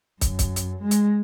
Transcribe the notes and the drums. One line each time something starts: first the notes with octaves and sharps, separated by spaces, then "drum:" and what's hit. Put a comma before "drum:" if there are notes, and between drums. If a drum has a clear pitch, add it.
F#2, drum: kick, hi-hat
drum: kick, hi-hat
drum: hi-hat
G#3
drum: hi-hat